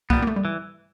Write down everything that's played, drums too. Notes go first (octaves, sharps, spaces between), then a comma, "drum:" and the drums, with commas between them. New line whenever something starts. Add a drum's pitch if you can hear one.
A#2 G3 A#3 B3, drum: kick C2
A#3
A3
G3
E3